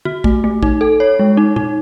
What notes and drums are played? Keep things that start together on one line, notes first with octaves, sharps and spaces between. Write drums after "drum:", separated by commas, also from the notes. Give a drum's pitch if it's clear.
F#4, drum: tom
A3, drum: kick
A3
D#4, drum: kick
A4
C#5
G#3
D#4
D#4, drum: tom